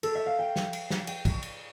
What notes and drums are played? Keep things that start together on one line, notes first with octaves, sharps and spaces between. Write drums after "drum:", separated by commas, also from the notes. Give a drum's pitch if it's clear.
A4, drum: cymbal
E5
F5
G5
drum: snare
drum: cymbal
drum: snare
G5, drum: cymbal
drum: kick, cymbal
drum: cymbal